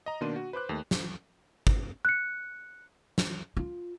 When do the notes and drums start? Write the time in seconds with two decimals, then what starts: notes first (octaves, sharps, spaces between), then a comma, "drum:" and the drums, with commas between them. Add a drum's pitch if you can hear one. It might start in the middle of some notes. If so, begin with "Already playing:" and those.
0.06 D#5 A#5
0.21 B2 D#3 A#3 D4 C6 D#7
0.36 F#4
0.53 B4 C5 D6 F#6
0.69 D#2 A3
0.91 drum: snare
1.67 drum: kick
2.05 F#6 C#7
3.18 drum: snare
3.57 F4